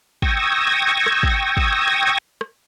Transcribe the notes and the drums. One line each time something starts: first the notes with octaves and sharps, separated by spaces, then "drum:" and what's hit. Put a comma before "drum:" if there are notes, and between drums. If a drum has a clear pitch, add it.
G5 C#6 D#6 E6 G#6 A#6, drum: kick
drum: rim click
drum: kick
drum: kick
drum: rim click